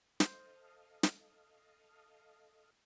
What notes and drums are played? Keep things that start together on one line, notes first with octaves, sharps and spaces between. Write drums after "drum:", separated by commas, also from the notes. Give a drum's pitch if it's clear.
A4 C5 D#5 F5, drum: snare
drum: snare